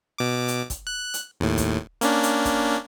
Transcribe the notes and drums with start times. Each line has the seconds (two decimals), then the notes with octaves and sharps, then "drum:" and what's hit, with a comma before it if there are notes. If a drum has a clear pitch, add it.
0.18 B2 D6
0.48 drum: hi-hat
0.70 drum: kick, hi-hat
0.87 F#6
1.14 drum: hi-hat
1.40 D#2 A2
1.57 drum: kick, hi-hat
2.01 A#3 C#4 D4, drum: hi-hat
2.23 drum: hi-hat
2.45 drum: kick, hi-hat